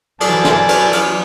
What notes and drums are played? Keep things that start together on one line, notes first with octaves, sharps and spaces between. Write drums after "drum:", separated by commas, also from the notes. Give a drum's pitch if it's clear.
E3 F#3 A4 D5 G#5, drum: cymbal
drum: snare
drum: cymbal
drum: cymbal